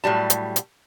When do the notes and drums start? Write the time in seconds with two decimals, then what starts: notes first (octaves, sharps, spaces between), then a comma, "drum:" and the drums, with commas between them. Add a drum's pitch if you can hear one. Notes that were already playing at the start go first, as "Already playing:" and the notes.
0.04 A2 F#3 G3 A5
0.30 drum: hi-hat
0.56 drum: hi-hat